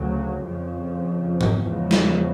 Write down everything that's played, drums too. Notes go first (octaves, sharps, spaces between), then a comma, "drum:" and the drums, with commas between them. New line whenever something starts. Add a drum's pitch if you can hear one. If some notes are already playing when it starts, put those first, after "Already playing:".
Already playing: D2 C#3 F#3
F2 C#3 F3
drum: tom G#2
E2 C#3 F3 G#3
drum: snare